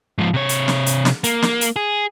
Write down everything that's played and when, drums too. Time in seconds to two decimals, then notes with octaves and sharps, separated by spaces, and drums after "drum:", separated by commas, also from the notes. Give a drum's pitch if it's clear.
0.18 G#2 F3
0.34 C3 C#5
0.49 drum: hi-hat
0.68 drum: snare
0.86 drum: hi-hat
1.05 drum: snare
1.24 A#3, drum: hi-hat
1.42 drum: snare
1.61 drum: hi-hat
1.76 G#4